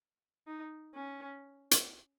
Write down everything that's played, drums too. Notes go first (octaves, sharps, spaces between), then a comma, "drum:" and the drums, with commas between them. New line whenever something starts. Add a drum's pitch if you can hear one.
D#4
C#4
drum: hi-hat